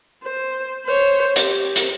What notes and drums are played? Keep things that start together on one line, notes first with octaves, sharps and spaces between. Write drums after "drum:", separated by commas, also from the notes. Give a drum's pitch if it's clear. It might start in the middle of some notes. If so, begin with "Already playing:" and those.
C5
C5 C#5
G4, drum: hi-hat
drum: hi-hat